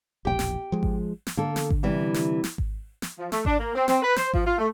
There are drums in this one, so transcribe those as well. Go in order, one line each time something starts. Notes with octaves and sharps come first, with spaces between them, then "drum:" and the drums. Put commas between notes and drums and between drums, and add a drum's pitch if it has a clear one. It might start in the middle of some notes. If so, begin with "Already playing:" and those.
E1 A#1 G4 G5
drum: snare
F3 G#3
drum: kick G#1
drum: snare
D3 A#3 A4
drum: snare
drum: kick G#1
C3 E3 G3
drum: snare
drum: snare
drum: kick G#1
drum: snare
F3
A3, drum: snare
D4, drum: kick G#1
A#3
C4
C4, drum: snare
B4
C5, drum: snare
F3, drum: kick G#1
F4
A3